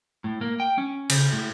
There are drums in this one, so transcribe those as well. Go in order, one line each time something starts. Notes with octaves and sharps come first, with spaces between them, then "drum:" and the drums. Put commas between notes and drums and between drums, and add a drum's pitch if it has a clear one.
A2
A#3
G5
C#4
C#3, drum: cymbal
A2